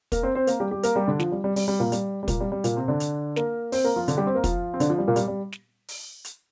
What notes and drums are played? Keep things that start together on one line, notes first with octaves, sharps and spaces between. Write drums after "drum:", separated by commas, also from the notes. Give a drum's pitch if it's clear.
A#3 A#4, drum: kick, hi-hat
C4 C5
C4 C5
A#3 A#4, drum: hi-hat
G3 G4
G3 G4
A#3 A#4, drum: hi-hat
G3 G4
D3 D4
F3, drum: snare
G3
G3
G3, drum: open hi-hat
G3
A#2 A#3
G3, drum: hi-hat
G3
A#2 A#3, drum: kick, hi-hat
G3
G3
A#2 A#3, drum: hi-hat
C3 C4
D3 D4
drum: hi-hat
A#3 A#4, drum: snare
C4 C5, drum: open hi-hat
A#3 A#4
F3 F4
D3 D4, drum: hi-hat
G3 G4
C4 C5
A#3 A#4
F3 F4, drum: kick, hi-hat
C4
D3 D4, drum: hi-hat
F3
G3
A#2 A#3
G3, drum: hi-hat
G3
drum: snare
drum: open hi-hat
drum: hi-hat